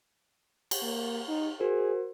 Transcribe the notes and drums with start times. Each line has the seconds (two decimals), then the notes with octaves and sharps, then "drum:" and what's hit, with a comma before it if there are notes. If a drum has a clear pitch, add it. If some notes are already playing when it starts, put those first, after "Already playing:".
0.71 drum: cymbal
0.82 A#3
1.28 D#4
1.60 F#4 G#4 A#4 C5